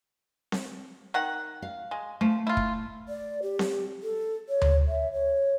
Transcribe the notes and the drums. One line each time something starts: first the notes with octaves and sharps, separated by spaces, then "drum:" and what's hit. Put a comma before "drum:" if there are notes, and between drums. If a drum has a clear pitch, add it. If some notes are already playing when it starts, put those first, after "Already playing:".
drum: snare C4
D#3 F#5
F5
G#3
F3 A3
E4 F4
drum: kick
D5
G4
drum: snare C4
A4
C#5
drum: tom D2
E5
C#5